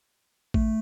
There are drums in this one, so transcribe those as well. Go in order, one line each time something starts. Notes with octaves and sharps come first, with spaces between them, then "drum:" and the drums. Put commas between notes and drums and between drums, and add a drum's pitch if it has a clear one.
A3, drum: kick A1